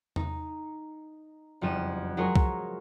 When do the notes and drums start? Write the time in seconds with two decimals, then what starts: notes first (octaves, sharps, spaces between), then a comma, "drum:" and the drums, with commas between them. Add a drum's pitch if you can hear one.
0.16 D#4, drum: tom E2
1.61 F#1 F2 G3 D#7 E7
2.17 F#3 G#3 F4 G#4 A#4 C#5
2.36 drum: kick C2